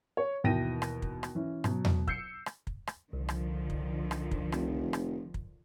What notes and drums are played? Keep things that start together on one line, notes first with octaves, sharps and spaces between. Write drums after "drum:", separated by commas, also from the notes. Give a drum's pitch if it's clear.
C#5
D#2 B2 E3 G5 A#6 D#7
drum: rim click
drum: kick
drum: rim click
E3 C#4
B2 F#3, drum: rim click
drum: tom E2
E6 G6 C7 C#7, drum: kick
drum: rim click
drum: kick
drum: rim click
C2 D3 D#3 F3
drum: rim click
drum: kick
drum: rim click
drum: kick
F1, drum: rim click
drum: rim click
drum: kick